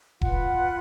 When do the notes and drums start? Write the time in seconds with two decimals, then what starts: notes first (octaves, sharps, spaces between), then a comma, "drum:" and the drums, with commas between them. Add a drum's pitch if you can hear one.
0.21 F4 B4 F#5, drum: kick E1